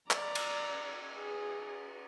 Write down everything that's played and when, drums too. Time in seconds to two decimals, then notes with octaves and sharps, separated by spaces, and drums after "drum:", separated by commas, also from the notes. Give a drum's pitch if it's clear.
0.11 D5 A#5, drum: clap
0.35 drum: cymbal
1.17 G#4